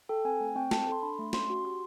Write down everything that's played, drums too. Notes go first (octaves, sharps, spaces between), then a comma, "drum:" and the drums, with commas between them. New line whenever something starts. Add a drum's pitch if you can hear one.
A4 G5
C4 G#5
A3 G5
C4 G5
A4 A5, drum: snare
A4 C6
D4 B5
A3
C#4 C6, drum: snare
F#4
G4 C6